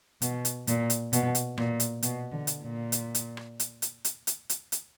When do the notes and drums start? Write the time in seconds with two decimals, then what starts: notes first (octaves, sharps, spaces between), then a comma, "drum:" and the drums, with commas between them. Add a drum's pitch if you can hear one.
0.22 B2, drum: hi-hat
0.45 drum: hi-hat
0.67 A#2, drum: hi-hat
0.90 drum: hi-hat
1.13 B2, drum: hi-hat
1.35 drum: hi-hat
1.58 A#2, drum: rim click
1.80 drum: hi-hat
2.03 B2, drum: hi-hat
2.32 D3
2.47 drum: hi-hat
2.63 A#2
2.92 drum: hi-hat
3.15 drum: hi-hat
3.37 drum: rim click
3.60 drum: hi-hat
3.82 drum: hi-hat
4.05 drum: hi-hat
4.27 drum: hi-hat
4.49 drum: hi-hat
4.72 drum: hi-hat